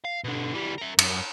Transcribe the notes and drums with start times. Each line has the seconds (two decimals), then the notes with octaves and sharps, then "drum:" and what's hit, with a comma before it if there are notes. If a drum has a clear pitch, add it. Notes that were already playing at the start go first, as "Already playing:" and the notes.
0.05 F5
0.24 B2 D3
0.53 E3 G3
0.78 A#4 E5
0.99 F#2, drum: cymbal